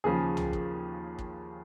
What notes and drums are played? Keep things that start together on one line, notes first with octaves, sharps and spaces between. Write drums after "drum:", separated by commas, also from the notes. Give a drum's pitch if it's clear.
D#2 C#3 F3 G#4
drum: tom C2
drum: kick
drum: kick